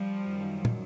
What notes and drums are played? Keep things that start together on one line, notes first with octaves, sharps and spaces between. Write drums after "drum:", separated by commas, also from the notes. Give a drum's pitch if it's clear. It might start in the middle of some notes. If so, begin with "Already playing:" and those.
Already playing: F3 G3
F#2 D#3
drum: tom